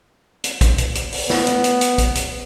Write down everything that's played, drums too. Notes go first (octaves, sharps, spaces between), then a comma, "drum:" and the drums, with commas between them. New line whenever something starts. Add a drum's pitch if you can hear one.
drum: hi-hat
drum: kick, hi-hat
drum: hi-hat
drum: hi-hat
drum: open hi-hat
B3, drum: snare
drum: hi-hat
drum: hi-hat
drum: hi-hat
drum: kick, hi-hat
drum: hi-hat